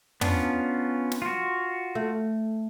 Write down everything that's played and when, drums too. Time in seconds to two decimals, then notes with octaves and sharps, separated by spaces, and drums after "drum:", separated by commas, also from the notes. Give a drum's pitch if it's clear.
0.21 B3 C#4 D4 F4, drum: tom
1.12 drum: snare
1.22 F4 F#4
1.95 A3